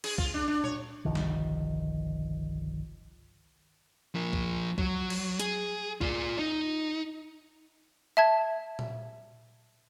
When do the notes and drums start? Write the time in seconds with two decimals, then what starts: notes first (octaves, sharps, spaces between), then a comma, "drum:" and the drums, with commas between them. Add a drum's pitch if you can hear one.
0.04 G#4, drum: cymbal
0.18 F4, drum: kick C2
0.34 D4
0.48 D4
0.64 C#5, drum: tom A#2
1.05 G1 C2 D#3 F3
1.15 drum: snare
4.14 F3 A#4
4.33 drum: kick C2
4.78 F#3, drum: kick C2
5.10 drum: cymbal
5.39 G#4, drum: hi-hat
6.01 F4 D5, drum: kick C2
6.39 D#4
8.17 E5 A5 G#6
8.79 drum: tom A#2